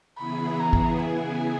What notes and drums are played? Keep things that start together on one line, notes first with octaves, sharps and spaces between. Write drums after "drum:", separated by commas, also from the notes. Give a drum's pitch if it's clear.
C#3 E3 B3 E4 G#4 B5
A#5
drum: kick A1
G#5